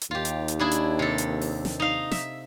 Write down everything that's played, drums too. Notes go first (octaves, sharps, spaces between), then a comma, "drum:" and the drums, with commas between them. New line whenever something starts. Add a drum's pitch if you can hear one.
drum: hi-hat
D#2 F4 G4
drum: hi-hat
drum: hi-hat
D4 E4 G#4
drum: hi-hat
C3 A4
drum: hi-hat
drum: open hi-hat
drum: snare
D#4 F5
E5, drum: snare